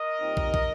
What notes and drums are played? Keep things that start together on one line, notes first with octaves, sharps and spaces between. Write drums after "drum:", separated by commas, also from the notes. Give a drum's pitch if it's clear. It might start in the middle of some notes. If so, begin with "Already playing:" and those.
Already playing: A#4 D#5
A#2 G3 C4 D#4
drum: kick
drum: kick